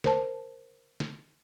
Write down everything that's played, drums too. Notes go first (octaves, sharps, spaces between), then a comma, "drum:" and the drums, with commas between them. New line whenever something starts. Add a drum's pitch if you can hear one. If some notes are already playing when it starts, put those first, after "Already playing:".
A#4 C5 A5, drum: snare
drum: snare